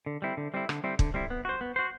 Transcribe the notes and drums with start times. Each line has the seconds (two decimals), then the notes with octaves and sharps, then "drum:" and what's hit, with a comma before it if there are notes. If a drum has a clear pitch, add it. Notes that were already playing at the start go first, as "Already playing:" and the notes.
0.06 D3
0.22 G3 C4 E4
0.37 D3
0.54 G3 C4 E4
0.69 D3, drum: rim click
0.84 G3 C4 E4
0.99 D3, drum: kick
1.14 G3 C4 E4
1.30 B3
1.45 F#4 C5
1.61 B3
1.76 F#4 C5